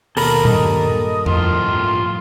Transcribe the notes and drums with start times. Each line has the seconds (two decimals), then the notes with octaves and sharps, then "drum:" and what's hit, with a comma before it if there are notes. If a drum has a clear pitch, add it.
0.17 D#2 B2 A4 A#4 B5, drum: open hi-hat
0.45 G2 G3 D#5, drum: tom A#2
1.26 A2 F3 F4, drum: tom F2